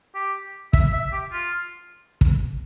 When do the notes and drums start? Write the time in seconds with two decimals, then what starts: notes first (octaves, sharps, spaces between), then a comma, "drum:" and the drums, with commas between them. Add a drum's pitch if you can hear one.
0.15 G4
0.73 E5, drum: kick
0.93 E5
1.13 G4
1.33 F4
2.21 drum: kick